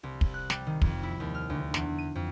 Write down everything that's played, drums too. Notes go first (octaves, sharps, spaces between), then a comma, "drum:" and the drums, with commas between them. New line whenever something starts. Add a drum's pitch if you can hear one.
C2
drum: kick
F#6
G3, drum: snare
D#3
F2, drum: kick
E4
D#2
F6
D2
E2, drum: snare
D#7
F2